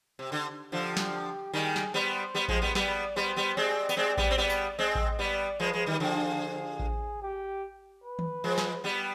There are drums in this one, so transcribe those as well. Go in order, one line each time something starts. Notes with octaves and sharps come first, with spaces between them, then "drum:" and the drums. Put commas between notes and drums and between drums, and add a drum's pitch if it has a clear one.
C3
D3
D3 F3 G4
drum: snare
D#3 G3 G#4
drum: snare
G3 B3 C5
G3 B3
F3 G#3, drum: kick A1
G3 B3
G3 B3 D5, drum: snare
G3 B3 C5
G3 B3
G#3 C4 D5
B3, drum: tambourine
G#3 C4 D5
G3 B3, drum: kick A1
C4
G3 B3 D5
drum: tambourine
G#3 C4 D#5
drum: kick A1
G3 B3 D5
F3 G#3 B4
F3 G#3
D#3 G3
D3 F3 G#4
G#4
drum: kick A1
G4
B4
drum: tom D#3
F3 G#3
drum: snare
G3 B3